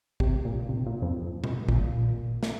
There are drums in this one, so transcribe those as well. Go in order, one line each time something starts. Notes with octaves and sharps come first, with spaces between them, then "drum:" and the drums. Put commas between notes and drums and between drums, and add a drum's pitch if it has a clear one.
C3, drum: kick
A#2
C3
A#2
F2
drum: tom A#2
A#2, drum: kick
drum: snare